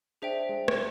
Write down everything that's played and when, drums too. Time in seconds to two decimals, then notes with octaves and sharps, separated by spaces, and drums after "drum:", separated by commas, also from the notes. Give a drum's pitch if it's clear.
0.22 D4 G#4 C5 E5 G5
0.49 G#3
0.68 drum: rim click